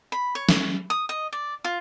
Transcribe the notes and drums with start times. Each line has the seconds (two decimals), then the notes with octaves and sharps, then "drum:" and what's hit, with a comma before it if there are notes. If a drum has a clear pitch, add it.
0.12 B5
0.35 C#5
0.49 drum: snare
0.90 D#6
1.09 D#5
1.33 D5
1.64 F4